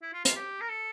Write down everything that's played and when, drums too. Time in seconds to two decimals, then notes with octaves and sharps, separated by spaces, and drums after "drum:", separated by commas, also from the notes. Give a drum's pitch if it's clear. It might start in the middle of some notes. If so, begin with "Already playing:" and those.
0.02 E4
0.14 F4
0.25 F4, drum: hi-hat
0.36 G4
0.61 A#4
0.69 A4